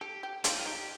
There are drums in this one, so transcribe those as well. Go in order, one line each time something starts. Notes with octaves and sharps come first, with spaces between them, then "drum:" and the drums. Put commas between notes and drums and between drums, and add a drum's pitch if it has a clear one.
G4 A4
G4
D4 F4, drum: hi-hat
D#4
F4
D#4 G4